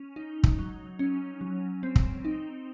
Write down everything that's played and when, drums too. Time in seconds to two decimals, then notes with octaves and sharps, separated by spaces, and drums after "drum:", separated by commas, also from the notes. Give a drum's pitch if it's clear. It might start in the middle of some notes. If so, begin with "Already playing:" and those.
Already playing: C#4
0.16 D#4
0.43 drum: kick
0.59 F#3
0.99 C#4
1.41 F#3
1.83 C4
1.96 drum: kick
2.25 D#4